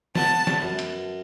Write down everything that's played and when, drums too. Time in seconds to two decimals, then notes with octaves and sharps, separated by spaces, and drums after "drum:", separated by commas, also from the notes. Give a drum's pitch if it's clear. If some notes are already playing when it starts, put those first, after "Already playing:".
0.15 B3 A5, drum: snare
0.47 drum: snare
0.62 F#2
0.79 drum: hi-hat